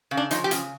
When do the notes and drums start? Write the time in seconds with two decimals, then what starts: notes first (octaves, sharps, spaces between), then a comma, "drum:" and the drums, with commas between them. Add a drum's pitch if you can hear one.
0.11 C#3
0.17 D4
0.31 F3 D#4, drum: hi-hat
0.44 G4
0.51 C#3, drum: hi-hat